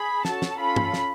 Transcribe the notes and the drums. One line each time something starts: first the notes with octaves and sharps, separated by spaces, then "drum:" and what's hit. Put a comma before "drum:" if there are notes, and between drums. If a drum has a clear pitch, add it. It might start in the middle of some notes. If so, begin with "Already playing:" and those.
Already playing: G#4 B5
C#4 F#4 A4 A5, drum: snare
drum: snare
C#4 F4 A4 B5
drum: tom G2
drum: snare